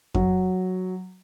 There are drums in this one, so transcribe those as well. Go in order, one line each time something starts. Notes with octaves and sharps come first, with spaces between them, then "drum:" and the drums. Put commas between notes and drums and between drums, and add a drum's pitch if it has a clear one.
F#3, drum: kick F2